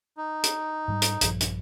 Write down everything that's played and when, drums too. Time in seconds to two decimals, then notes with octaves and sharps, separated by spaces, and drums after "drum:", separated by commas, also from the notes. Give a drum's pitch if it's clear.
0.17 D#4
0.44 drum: hi-hat
0.88 G#2 F#3 G3
1.02 drum: hi-hat
1.21 A#1 G2 F3, drum: hi-hat
1.40 drum: hi-hat